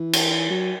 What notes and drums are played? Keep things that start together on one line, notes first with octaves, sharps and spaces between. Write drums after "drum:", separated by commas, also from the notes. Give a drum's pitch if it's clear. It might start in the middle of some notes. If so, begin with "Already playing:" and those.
Already playing: E3
drum: cymbal
F#3